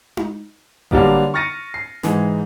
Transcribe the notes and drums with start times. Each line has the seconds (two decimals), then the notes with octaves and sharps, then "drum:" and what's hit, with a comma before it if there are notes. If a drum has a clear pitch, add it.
0.17 drum: tom D#4
0.91 D3 F#3 G3 A#3 B3, drum: kick A1
1.34 C#6 F6 A6 A#6 C#7 D#7
1.74 C7
2.03 G#2 E3 G#3, drum: snare